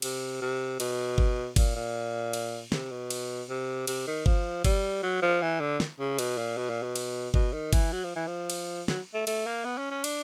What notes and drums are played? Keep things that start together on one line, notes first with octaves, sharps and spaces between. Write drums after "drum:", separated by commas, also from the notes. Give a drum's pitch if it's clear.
C3, drum: cymbal
C3
B2, drum: cymbal
drum: kick G1
A#2, drum: kick G1, cymbal
A#2
drum: cymbal
C3, drum: snare
B2
drum: cymbal
C3
C3, drum: cymbal
D#3
F3, drum: kick G1
G3, drum: kick G1, cymbal
F#3
F3
E3
D3
drum: snare
C#3
B2, drum: cymbal
A#2
B2
A#2
B2
drum: cymbal
B2, drum: kick G1
D#3
E3, drum: kick G1, cymbal
F#3
F3
E3
F3
drum: cymbal
F#3, drum: snare
A3
A3, drum: cymbal
A#3
B3
C#4
C#4
D4, drum: cymbal